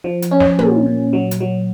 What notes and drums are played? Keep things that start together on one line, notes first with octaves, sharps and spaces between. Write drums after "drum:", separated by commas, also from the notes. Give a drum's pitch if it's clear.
F3
drum: hi-hat
C#4
drum: snare
A#2, drum: tom
A#2
F#3
drum: hi-hat
F#3